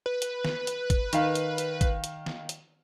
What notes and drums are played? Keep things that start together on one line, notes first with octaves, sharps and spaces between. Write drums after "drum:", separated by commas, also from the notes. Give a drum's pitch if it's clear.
B4
drum: hi-hat
drum: snare
drum: hi-hat
drum: kick, hi-hat
D#3 F5, drum: hi-hat
drum: hi-hat
drum: hi-hat
drum: kick, hi-hat
drum: hi-hat
drum: snare
drum: hi-hat